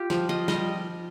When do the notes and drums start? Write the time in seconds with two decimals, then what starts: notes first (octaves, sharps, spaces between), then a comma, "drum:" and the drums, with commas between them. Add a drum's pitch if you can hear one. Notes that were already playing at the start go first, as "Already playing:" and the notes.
Already playing: F4 G4
0.10 F3, drum: snare
0.29 F4 D#5
0.48 G3 D#5, drum: snare